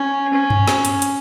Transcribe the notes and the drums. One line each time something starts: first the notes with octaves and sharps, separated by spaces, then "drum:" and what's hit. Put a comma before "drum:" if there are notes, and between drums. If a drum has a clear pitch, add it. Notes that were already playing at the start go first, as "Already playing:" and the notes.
Already playing: C#4
C#4
drum: tom F#2
drum: snare
drum: hi-hat
drum: hi-hat